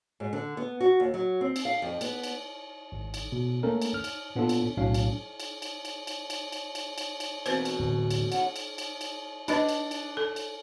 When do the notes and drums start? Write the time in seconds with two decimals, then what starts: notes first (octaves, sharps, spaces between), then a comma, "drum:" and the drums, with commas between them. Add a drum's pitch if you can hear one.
0.20 G#2
0.33 D3
0.57 B3
0.80 F#4
1.00 D#2
1.14 F#3
1.41 C4
1.56 drum: cymbal
1.65 F5
1.82 F2
2.01 B3, drum: cymbal
2.24 drum: cymbal
2.92 G#1
3.14 drum: cymbal
3.32 B2
3.63 A3 A#3 C#4 A4 A#4
3.82 drum: cymbal
3.94 F6
4.04 drum: cymbal
4.36 A#2 B3 D4 F4 A4
4.49 drum: cymbal
4.77 B1 A2 F#3 C#4 D4 F5
4.94 drum: cymbal
5.40 drum: cymbal
5.62 drum: cymbal
5.85 drum: cymbal
6.07 drum: cymbal
6.30 drum: cymbal
6.52 drum: cymbal
6.75 drum: cymbal
6.98 drum: cymbal
7.20 drum: cymbal
7.46 B2 E3 A#3 C4 B4 C5, drum: cymbal
7.65 drum: cymbal
7.79 D1
8.11 drum: cymbal
8.32 C#4 E4 F#5, drum: cymbal
8.56 drum: cymbal
8.78 drum: cymbal
9.01 drum: cymbal
9.48 D4 B4 D#5 B5, drum: cymbal
9.69 drum: cymbal
9.91 drum: cymbal
10.17 A4
10.36 drum: cymbal